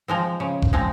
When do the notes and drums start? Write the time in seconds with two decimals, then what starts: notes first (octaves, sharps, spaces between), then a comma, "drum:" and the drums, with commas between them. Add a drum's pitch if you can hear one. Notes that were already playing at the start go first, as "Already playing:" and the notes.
0.08 F3 G#3 C4
0.40 C#3
0.62 drum: kick F#1
0.73 F3 G#3 C4